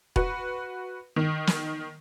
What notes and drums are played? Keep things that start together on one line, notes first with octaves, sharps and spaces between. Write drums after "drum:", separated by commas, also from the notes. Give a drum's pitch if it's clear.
F#4 B4, drum: kick E1
D#3
drum: snare